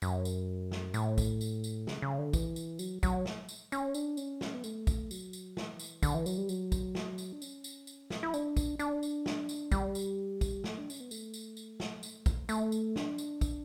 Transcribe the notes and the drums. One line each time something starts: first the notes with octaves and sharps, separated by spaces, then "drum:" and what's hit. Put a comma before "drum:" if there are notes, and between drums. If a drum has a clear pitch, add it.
F#2, drum: tambourine
drum: tambourine
drum: snare
A2, drum: tambourine
drum: kick, tambourine
drum: tambourine
drum: tambourine
C#3, drum: snare
C#3
D3
E3, drum: kick, tambourine
drum: tambourine
F#3, drum: tambourine
F#3, drum: kick, tambourine
drum: snare
drum: tambourine
C#4, drum: tambourine
D4, drum: tambourine
C#4, drum: tambourine
drum: snare
B3
A3, drum: tambourine
drum: kick, tambourine
F#3, drum: tambourine
drum: tambourine
E3, drum: snare
drum: tambourine
D3, drum: kick, tambourine
E3
F#3, drum: tambourine
G3
F#3, drum: tambourine
drum: kick, tambourine
drum: snare
drum: tambourine
D4
C#4, drum: tambourine
drum: tambourine
drum: tambourine
drum: snare
E4
D4, drum: tambourine
drum: kick, tambourine
D4, drum: tambourine
drum: tambourine
drum: snare
drum: tambourine
G3, drum: kick, tambourine
drum: tambourine
drum: kick, tambourine
A3, drum: snare
D4
C#4, drum: tambourine
B3
A3, drum: tambourine
drum: tambourine
drum: tambourine
drum: snare
drum: tambourine
drum: kick, tambourine
A3, drum: tambourine
drum: tambourine
D4, drum: snare
drum: tambourine
drum: kick, tambourine